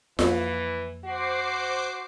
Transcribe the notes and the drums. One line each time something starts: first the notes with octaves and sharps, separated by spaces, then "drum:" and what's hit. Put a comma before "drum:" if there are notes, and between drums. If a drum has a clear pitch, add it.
F2 E3 A#3, drum: snare F4
F#4 C5 D6 C7